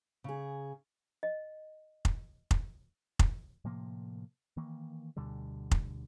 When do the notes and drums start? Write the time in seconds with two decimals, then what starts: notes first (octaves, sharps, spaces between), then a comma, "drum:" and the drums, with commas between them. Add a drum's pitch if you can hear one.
0.24 C#3 G#4
1.23 D#5
2.05 drum: kick F1
2.51 drum: kick F1
3.19 drum: kick F1
3.65 A2 C3 F3 A#3
4.57 D#3 E3 A#3
5.17 D2 B2 D3 G3
5.71 drum: kick F1